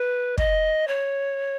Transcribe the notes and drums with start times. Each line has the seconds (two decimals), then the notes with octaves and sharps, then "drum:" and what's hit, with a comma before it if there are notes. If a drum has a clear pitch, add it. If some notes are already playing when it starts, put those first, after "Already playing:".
Already playing: B4
0.38 D#5, drum: kick
0.88 C#5